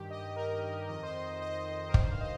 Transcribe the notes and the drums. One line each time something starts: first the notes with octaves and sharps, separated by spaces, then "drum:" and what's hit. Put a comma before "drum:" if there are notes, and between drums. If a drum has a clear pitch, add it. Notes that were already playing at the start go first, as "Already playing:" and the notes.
Already playing: G2 D#3 G4
D#5
A#4
A#4
F2 D#3 D#5
C5
D#5
D#5
A#4
G2 D#3 C5, drum: kick
F5
D#5